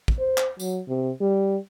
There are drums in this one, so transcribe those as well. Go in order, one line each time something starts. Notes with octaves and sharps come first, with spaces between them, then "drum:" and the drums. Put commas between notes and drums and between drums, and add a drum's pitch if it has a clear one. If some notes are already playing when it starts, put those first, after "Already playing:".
drum: kick
C5
drum: clap
F#3, drum: tambourine
C3
G3